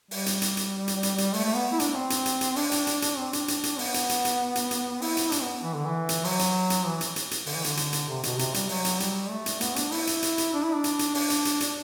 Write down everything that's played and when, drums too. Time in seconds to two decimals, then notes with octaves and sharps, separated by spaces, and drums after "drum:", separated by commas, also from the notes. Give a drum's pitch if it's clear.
0.11 G3, drum: open hi-hat
0.26 drum: hi-hat
0.42 drum: hi-hat
0.57 drum: hi-hat
0.88 drum: hi-hat
1.03 drum: hi-hat
1.18 drum: hi-hat
1.33 A3, drum: open hi-hat
1.44 A3
1.55 B3
1.72 E4
1.80 D4, drum: hi-hat
1.95 C4
2.10 drum: hi-hat
2.26 drum: hi-hat
2.41 drum: hi-hat
2.56 D4, drum: open hi-hat
2.72 drum: hi-hat
2.87 drum: hi-hat
3.02 drum: hi-hat
3.18 C4
3.33 D4, drum: hi-hat
3.48 drum: hi-hat
3.63 drum: hi-hat
3.79 B3, drum: open hi-hat
3.94 drum: hi-hat
4.09 drum: hi-hat
4.25 drum: hi-hat
4.55 drum: hi-hat
4.71 drum: hi-hat
5.02 E4, drum: open hi-hat
5.17 drum: hi-hat
5.32 D4, drum: hi-hat
5.42 B3
5.63 E3
5.74 D3
5.86 E3
6.09 drum: hi-hat
6.24 F#3, drum: open hi-hat
6.39 drum: hi-hat
6.70 drum: hi-hat
6.86 E3
7.01 drum: hi-hat
7.16 drum: hi-hat
7.31 drum: hi-hat
7.46 D3, drum: open hi-hat
7.55 E3
7.64 D3, drum: hi-hat
7.77 drum: hi-hat
7.93 drum: hi-hat
8.08 C3
8.23 B2, drum: hi-hat
8.39 C3, drum: hi-hat
8.54 G3, drum: hi-hat
8.69 F#3, drum: open hi-hat
8.85 drum: hi-hat
9.00 G3, drum: hi-hat
9.30 A3
9.46 drum: hi-hat
9.61 B3, drum: hi-hat
9.76 D4, drum: hi-hat
9.92 E4, drum: open hi-hat
10.07 drum: hi-hat
10.23 drum: hi-hat
10.38 drum: hi-hat
10.53 D4
10.63 E4
10.74 D4
10.84 drum: hi-hat
10.99 drum: hi-hat
11.15 D4, drum: open hi-hat
11.30 drum: hi-hat
11.45 drum: hi-hat
11.60 drum: hi-hat